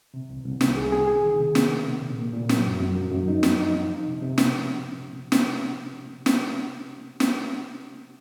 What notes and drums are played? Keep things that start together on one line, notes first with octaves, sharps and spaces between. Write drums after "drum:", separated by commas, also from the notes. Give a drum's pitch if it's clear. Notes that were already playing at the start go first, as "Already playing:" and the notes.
C3
C2
C2
C2, drum: snare
G#4
G#4
G#4
D#3
C3
A#3, drum: snare
A#3
C3
A#2
A#3
A#2
F#3, drum: snare
F#2
F#2
F#3
F#2
D#4
F3, drum: snare
D#4
F3
F3
C3
C3
drum: snare
drum: snare
drum: snare
drum: snare